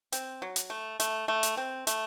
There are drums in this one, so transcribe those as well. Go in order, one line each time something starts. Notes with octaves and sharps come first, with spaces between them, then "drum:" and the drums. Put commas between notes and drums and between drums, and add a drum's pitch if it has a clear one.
C4, drum: hi-hat
F#3
drum: hi-hat
A3
A3, drum: hi-hat
A3
drum: hi-hat
C4
A3, drum: hi-hat